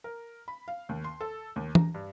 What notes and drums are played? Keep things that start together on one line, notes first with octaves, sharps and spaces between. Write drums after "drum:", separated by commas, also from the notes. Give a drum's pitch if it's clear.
A#4
B5
F5
D#2
C6
A4
D#2
A#5, drum: tom E3
G2